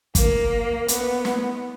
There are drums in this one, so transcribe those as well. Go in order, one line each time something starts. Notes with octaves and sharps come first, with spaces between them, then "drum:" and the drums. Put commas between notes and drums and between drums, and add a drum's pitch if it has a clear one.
A#3, drum: kick, hi-hat
B3, drum: hi-hat
drum: snare